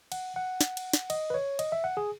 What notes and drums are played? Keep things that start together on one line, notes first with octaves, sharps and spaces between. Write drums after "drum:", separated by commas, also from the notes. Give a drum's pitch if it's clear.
F#5, drum: cymbal
F#5
drum: snare
drum: cymbal
drum: snare
D#5, drum: cymbal
B4
C#5
D#5, drum: cymbal
E5
F#5
G#4